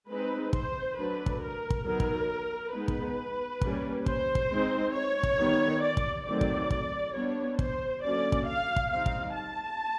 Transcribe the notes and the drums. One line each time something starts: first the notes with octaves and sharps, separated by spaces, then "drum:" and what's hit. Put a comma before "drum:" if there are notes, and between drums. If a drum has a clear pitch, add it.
G#3 C4 D#4 B4
C5, drum: kick
F#3 A3 D4 B4
drum: kick
A#4
drum: kick
F#3 B3 D#4 A#4
drum: kick
G#3 B3 D#4 B4
drum: kick
G3 A#3 C#4, drum: kick
C5, drum: kick
drum: kick
G#3 C4 D#4
C#5
drum: kick
D#3 G3 B3
D5
drum: kick
D#3 F#3 A3 C4 D5
drum: kick
drum: kick
G3 B3 D4 C#5
C5, drum: kick
D3 F#3 A#3 C#4 D5
drum: kick
F5
drum: kick
G3 C4 D#4 F5
drum: kick
A5